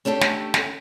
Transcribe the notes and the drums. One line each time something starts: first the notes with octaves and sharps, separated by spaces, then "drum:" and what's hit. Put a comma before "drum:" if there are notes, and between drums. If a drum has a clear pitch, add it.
A3 C#4 D4 G4 A4
drum: snare
drum: snare